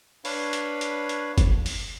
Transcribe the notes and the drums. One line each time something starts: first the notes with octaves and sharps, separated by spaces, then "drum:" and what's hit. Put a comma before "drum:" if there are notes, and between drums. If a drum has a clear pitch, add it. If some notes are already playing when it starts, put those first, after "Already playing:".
D4 B4 C#5 F5 B5, drum: open hi-hat
drum: hi-hat
drum: hi-hat
drum: hi-hat
drum: kick F#1, hi-hat
drum: open hi-hat